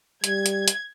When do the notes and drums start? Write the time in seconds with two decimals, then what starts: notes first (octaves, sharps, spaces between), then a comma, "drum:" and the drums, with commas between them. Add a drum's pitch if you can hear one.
0.24 G3 G#6, drum: hi-hat
0.46 drum: hi-hat
0.68 drum: hi-hat